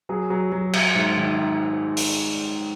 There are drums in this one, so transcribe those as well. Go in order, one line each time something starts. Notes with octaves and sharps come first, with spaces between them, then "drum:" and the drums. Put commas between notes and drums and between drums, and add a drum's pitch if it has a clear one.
F#3 G#4
F#3
F#3
F#3, drum: cymbal
G#2
D#3
drum: open hi-hat